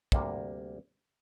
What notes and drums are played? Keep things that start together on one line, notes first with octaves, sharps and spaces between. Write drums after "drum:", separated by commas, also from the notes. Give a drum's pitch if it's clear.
D2 C3 G3 A#3 D4, drum: kick